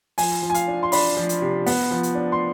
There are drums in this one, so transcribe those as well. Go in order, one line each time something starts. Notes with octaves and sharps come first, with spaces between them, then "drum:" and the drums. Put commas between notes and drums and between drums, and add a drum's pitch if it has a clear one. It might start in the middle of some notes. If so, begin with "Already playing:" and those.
F3 G#5, drum: open hi-hat
F3
G#5
F5, drum: hi-hat
D4
C6
D4 B5, drum: open hi-hat
F3
drum: hi-hat
C3
B3, drum: open hi-hat
F3
drum: hi-hat
D4
C6